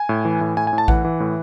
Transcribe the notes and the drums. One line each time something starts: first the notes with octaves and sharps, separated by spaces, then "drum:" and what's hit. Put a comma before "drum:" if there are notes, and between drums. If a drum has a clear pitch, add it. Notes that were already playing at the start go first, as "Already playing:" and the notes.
Already playing: G#5
A2
E3
A2
A2 G#5
G#5
A2
A5
E3 F#5, drum: kick A#1
E3
A2